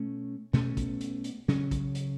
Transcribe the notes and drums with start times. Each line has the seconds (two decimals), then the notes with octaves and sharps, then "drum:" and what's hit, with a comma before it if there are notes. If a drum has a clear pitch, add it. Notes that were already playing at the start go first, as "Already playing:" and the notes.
Already playing: B2 A3 C#4
0.53 B2 A3 C#4, drum: snare
0.77 drum: kick, hi-hat
1.01 drum: hi-hat
1.24 drum: hi-hat
1.48 C#3 F#3 C#4, drum: snare
1.71 drum: kick, hi-hat
1.95 drum: hi-hat